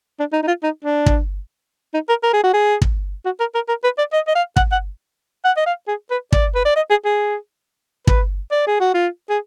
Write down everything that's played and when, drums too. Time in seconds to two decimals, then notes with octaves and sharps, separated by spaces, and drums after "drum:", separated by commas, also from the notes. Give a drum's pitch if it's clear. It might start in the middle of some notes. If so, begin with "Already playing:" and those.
0.19 D4
0.33 D#4
0.43 D#4
0.47 F4
0.63 D#4
0.85 D4
1.06 drum: kick
1.94 D#4
2.09 A#4
2.23 A#4
2.33 G#4
2.44 F#4
2.53 G#4
2.82 drum: kick
3.25 F#4
3.40 A#4
3.55 A#4
3.69 A#4
3.84 B4
3.98 D5
4.13 D#5
4.28 D#5
4.35 F5
4.56 F#5, drum: kick
4.72 F#5
5.45 F#5
5.57 D#5
5.66 F5
5.88 G#4
6.11 B4
6.32 D5, drum: kick
6.55 B4
6.65 D5
6.76 D#5
6.90 G#4
7.05 G#4
8.07 B4, drum: kick
8.51 D5
8.67 G#4
8.80 F#4
8.94 F4
9.30 G#4